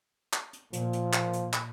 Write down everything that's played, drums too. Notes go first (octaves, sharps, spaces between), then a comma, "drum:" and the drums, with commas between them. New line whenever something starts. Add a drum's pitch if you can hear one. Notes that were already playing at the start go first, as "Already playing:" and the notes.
drum: clap
drum: hi-hat
A#2 F3, drum: hi-hat
drum: hi-hat
drum: clap
drum: hi-hat
drum: clap